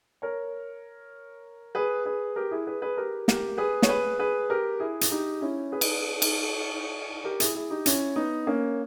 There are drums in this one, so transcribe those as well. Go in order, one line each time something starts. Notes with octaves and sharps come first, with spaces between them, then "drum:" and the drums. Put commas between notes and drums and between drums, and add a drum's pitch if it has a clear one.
A#4 C#5
G#4 B4
G#4 B4
G4 A#4
E4 G#4
G#4 B4
G#4 B4
G4 A#4
G4 A#4, drum: snare
G#4 B4
C#5, drum: snare
G#4 B4
G#4 B4
G4 A#4
E4 G#4
drum: hi-hat
D#4 G4
C#4 E4
G#4 B4
drum: cymbal
drum: cymbal
G4 A#4
E4 G#4, drum: hi-hat
E4 G#4
D#4 G4
C#4 E4, drum: hi-hat
B3 D#4
A#3 C#4